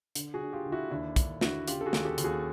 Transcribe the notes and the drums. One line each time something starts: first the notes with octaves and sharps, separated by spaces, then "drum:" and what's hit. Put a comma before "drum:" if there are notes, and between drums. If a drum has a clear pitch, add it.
D3, drum: hi-hat
F#4 G#4
D3
F4 G4
D3
E4 F#4
D#2 D4 E4
D3, drum: kick, hi-hat
D3 E4 F#4, drum: snare
C#3 F4 G4, drum: hi-hat
A4
F#4 G#4
D#2, drum: snare
G4 A4
D#2, drum: hi-hat
F#4 G#4